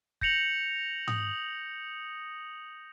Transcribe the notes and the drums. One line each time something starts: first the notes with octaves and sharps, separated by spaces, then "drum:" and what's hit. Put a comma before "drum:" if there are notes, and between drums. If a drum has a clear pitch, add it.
G6 A#6 C#7 F7 F#7, drum: kick
D#6, drum: tom G#2